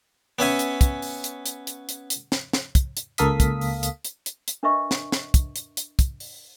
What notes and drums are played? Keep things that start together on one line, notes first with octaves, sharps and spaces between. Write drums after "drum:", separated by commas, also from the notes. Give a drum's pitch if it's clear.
B3 C#4 E5 G#5
drum: hi-hat
drum: kick, hi-hat
drum: open hi-hat
drum: hi-hat
drum: hi-hat
drum: hi-hat
drum: hi-hat
drum: hi-hat
drum: snare
drum: snare
drum: kick, hi-hat
drum: hi-hat
C#2 A#3 A4 F5 D#6 B6, drum: hi-hat
drum: kick, hi-hat
drum: open hi-hat
drum: hi-hat
drum: hi-hat
drum: hi-hat
drum: hi-hat
D4 A#4 B4 D#5 E5 C#6
drum: snare
drum: snare
drum: kick, hi-hat
drum: hi-hat
drum: hi-hat
drum: kick, hi-hat
drum: open hi-hat